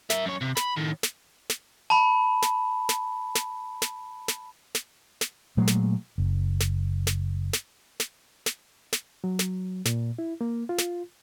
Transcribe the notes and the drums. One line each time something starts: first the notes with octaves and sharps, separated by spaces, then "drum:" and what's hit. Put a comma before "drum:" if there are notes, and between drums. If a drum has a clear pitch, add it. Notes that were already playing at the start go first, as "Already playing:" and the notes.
A#4 E5, drum: snare
F#2 C#5
C3
B5, drum: snare
A2 D#3
drum: snare
drum: snare
A5 B5
drum: snare
drum: snare
drum: snare
drum: snare
drum: snare
drum: snare
drum: snare
A#2 F#3 G#3 A3
drum: snare
F#1
drum: snare
drum: snare
drum: snare
drum: snare
drum: snare
drum: snare
F#3
drum: snare
A#2, drum: snare
E4
A#3
F4
drum: snare